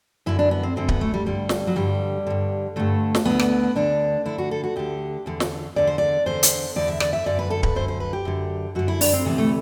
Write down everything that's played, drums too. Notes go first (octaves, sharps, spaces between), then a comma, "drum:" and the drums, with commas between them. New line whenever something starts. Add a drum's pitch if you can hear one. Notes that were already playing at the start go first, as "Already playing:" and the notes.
F#2 D3 E4
D4
B3
C4
F#2 D3 C4
B3, drum: kick D1
A3
G3
G2 D3 G3
drum: snare
F#3
G2 D3 G3
G2 D3
G2 D3 A3
drum: snare
D2 D3 B3
drum: rim click
D2 D3 D4
D2 D3 E4
F#4
A4
F#4
D2 D3 G4
E2 D3
drum: snare
E2 D3 D5
C5
D5
E2 D3 C5
drum: hi-hat
E2 D3 D5
E5
D5, drum: rim click
E5
F#2 D3 D5
B4
A4
B4, drum: kick D1
F#2 D3 C5
C5
B4
G4
F#2 D3
F#2 D3 F#4
E4
D4, drum: open hi-hat
C4
D2 C3 E3 B3
A3